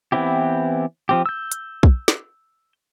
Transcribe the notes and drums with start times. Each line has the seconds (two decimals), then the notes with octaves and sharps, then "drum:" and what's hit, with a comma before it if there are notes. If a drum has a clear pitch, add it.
0.12 E3 B3 C4 E4 G4
1.09 F3 C4 G4
1.26 E6 G6
1.52 drum: hi-hat
1.83 drum: kick
2.08 drum: snare